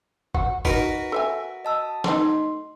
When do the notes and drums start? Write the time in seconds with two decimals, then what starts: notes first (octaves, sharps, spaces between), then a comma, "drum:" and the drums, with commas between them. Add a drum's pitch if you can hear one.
0.34 F#4, drum: kick
0.65 D#4 F#4 A#4 B4, drum: kick
1.12 A4 E5 G#5
1.65 D#5 A5 E6
2.04 A3 D#4 C6, drum: snare